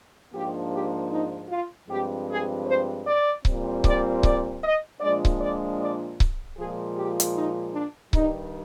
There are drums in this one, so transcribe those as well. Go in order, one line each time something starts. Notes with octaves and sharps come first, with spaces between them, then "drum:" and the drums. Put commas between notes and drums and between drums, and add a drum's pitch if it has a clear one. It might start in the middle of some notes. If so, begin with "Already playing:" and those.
G#2 F3 A#3 D4 G4
G4
D#4
F4
G2 F3 G#3 C4 G4
G#4
C5
D5
A#2 G3 C4, drum: kick C#1
D5, drum: kick C#1
D5, drum: kick C#1
D#5
A#2 F3 G#3 D4 D5
drum: kick C#1
D5
D5
drum: kick C#1
A#2 F3 G#3 G#4
G4
drum: hi-hat
D#4
D4
G2 D#3 G3 D#4, drum: kick C#1